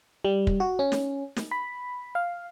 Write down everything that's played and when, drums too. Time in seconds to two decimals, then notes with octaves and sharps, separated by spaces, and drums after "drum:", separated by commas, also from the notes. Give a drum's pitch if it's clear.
0.25 G3
0.47 drum: kick
0.60 F#4
0.79 C#4
0.92 drum: snare
1.36 drum: snare
1.51 B5
2.15 F5